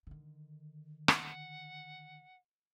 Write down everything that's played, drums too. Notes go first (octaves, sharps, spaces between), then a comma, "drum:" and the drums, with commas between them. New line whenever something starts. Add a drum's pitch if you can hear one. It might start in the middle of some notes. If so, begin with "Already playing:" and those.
D3 D#3
F#5, drum: rim click